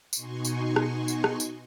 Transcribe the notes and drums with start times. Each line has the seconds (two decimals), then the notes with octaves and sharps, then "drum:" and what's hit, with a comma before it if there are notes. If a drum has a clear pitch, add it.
0.13 B2 D#4 F#4 G#5 C6 C#6, drum: tambourine
0.45 drum: tambourine
0.76 drum: rim click
1.08 drum: tambourine
1.24 drum: rim click
1.40 drum: tambourine